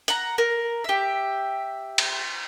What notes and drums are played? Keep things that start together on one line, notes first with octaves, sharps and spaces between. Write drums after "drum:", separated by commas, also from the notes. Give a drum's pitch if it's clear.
F#5 A#5, drum: hi-hat
A#4
G4 E5
drum: cymbal